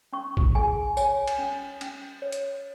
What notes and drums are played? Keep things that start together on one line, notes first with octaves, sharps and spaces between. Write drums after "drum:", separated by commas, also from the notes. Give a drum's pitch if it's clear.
C#4 C#6
drum: kick A1
G#4 G#5
C#5 G#5, drum: tambourine
drum: cymbal
C#4
C#4, drum: cymbal
C#5
drum: hi-hat